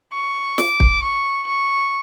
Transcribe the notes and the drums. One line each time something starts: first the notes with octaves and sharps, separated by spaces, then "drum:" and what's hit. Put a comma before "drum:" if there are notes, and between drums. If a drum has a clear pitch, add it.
C#6
D6, drum: snare
drum: kick
C#6
C#6